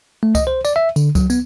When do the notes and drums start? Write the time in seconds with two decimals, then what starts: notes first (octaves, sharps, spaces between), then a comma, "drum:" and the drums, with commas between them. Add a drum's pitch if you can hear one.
0.23 A3
0.35 D#5, drum: kick C#2, tambourine
0.47 C5
0.65 D5, drum: tambourine
0.76 E5
0.96 D3, drum: tambourine
1.15 F#3, drum: kick C#2, tambourine
1.30 B3, drum: tambourine